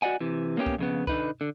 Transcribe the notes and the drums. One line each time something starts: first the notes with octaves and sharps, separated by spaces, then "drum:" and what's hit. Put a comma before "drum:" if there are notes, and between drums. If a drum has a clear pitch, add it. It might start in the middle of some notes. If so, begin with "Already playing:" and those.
F#4 D5 D#5 F#5 G#5
C3 E3
A#3 B3 C#4 F4 G4
drum: kick
F2 C#3 B3
D3 D#4 B4, drum: kick
D3